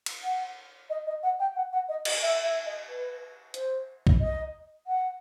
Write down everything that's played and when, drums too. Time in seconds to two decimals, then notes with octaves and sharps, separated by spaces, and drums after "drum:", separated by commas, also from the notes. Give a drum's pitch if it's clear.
0.06 drum: cymbal
0.23 F#5
0.90 D#5
1.06 D#5
1.23 F#5
1.39 G5
1.55 F#5
1.72 F#5
1.88 D#5
2.05 D#5, drum: cymbal
2.22 E5
2.43 E5
2.66 D#5
2.88 B4
3.54 C5, drum: hi-hat
4.07 drum: kick B1
4.20 D#5
4.86 F#5